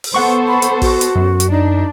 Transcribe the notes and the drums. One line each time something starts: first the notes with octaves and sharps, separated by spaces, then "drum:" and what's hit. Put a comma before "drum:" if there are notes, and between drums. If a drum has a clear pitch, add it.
drum: open hi-hat
B3 A4 C5 F#5 C#6
B5
drum: hi-hat
F#4, drum: kick, open hi-hat
drum: hi-hat
F#2
drum: hi-hat
D4 D#4